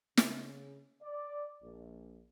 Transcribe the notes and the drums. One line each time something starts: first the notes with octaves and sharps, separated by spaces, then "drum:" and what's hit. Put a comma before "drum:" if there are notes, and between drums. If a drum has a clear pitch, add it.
C#3, drum: snare
D5
A#1